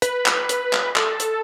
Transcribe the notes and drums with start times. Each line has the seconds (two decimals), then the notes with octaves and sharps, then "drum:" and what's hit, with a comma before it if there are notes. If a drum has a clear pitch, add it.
0.02 B4, drum: hi-hat
0.26 drum: clap
0.49 drum: hi-hat
0.73 drum: clap
0.96 A4, drum: clap
1.20 drum: hi-hat